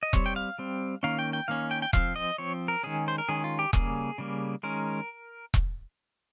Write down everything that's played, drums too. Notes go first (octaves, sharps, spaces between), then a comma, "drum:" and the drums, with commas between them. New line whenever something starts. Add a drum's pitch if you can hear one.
D#5
G3 C4 C#5, drum: kick E1
G5
F5
G3 C4
D#3 A#3 C#4 F5
G5
G5
D#3 A#3 C#4 F5
G5
G5
F3 C4 F5, drum: kick E1
D#5
F3 C4 C#5
A#4
D#3 G#3 C#4 G#4
C5
A#4
D#3 G#3 C#4 G#4
F4
G4
C#3 G3 A#3 G#4, drum: kick E1
C#3 G3 A#3
D#3 G#3 C#4 A#4
drum: kick E1